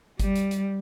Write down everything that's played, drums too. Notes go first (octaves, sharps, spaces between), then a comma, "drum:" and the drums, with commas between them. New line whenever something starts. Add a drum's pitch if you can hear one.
G3, drum: kick G1, hi-hat
drum: hi-hat
drum: hi-hat